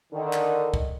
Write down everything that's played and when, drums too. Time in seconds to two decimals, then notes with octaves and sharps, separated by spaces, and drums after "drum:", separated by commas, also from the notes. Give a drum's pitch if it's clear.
0.13 D3 D#3
0.33 drum: clap
0.74 drum: kick